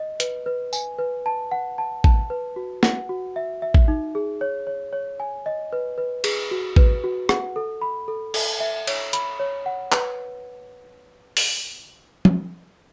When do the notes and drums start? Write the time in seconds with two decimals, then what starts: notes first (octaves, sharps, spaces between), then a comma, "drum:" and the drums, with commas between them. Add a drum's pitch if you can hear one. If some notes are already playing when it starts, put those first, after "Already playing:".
Already playing: D#5
0.20 B4, drum: hi-hat
0.46 B4
0.73 G#5, drum: tambourine
0.99 B4
1.26 A5
1.51 F#5
1.78 A5
2.04 A5, drum: kick A1
2.30 B4
2.56 F#4
2.83 F#5, drum: snare
3.09 F#4
3.36 E5
3.62 E5
3.74 drum: kick A1
3.88 D#4
4.15 G#4
4.41 C#5
4.67 C#5
4.93 C#5
5.20 G#5
5.46 D#5
5.73 B4
5.98 B4
6.24 G#4, drum: cymbal
6.51 F#4
6.76 B4, drum: kick A1
7.04 F#4
7.29 F#5, drum: rim click
7.56 A4
7.81 B5
8.08 A4
8.34 A4, drum: cymbal
8.60 E5
8.87 C#5, drum: cymbal
9.13 B5, drum: hi-hat
9.40 C#5
9.66 F#5
9.92 B4, drum: clap
11.37 drum: open hi-hat
12.25 drum: tom